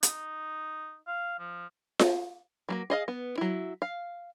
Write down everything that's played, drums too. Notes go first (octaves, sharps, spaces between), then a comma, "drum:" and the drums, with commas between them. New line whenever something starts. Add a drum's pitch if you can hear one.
D#4, drum: hi-hat
F5
F3
drum: snare F4
F#3 A3 A#3
G#4 D#5 F5
B3
F#3 E4
F5